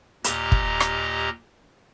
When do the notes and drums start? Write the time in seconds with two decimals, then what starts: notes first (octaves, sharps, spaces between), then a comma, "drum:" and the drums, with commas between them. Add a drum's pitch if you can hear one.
0.24 D#2 A#2 G4 D#5 A#5, drum: hi-hat
0.52 drum: kick
0.80 drum: rim click